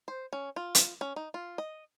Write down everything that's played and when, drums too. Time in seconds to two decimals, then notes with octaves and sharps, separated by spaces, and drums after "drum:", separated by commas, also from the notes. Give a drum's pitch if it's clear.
0.08 C5
0.33 C#4
0.56 F4
0.75 drum: hi-hat
1.01 C#4
1.16 D#4
1.34 F4
1.58 D#5